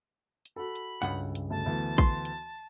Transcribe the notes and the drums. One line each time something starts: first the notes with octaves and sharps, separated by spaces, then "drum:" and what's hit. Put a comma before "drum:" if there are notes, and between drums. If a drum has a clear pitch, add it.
drum: hi-hat
F#4 A4 B5
drum: hi-hat
C#2 G2 F#5
drum: hi-hat
D2 A5
D2 E3 B3
C6, drum: kick, hi-hat
drum: hi-hat